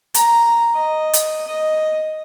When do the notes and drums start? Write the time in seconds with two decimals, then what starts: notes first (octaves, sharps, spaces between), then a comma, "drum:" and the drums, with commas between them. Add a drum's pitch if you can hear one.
0.14 A#5, drum: hi-hat
0.75 D#5
1.13 drum: hi-hat
1.47 D#5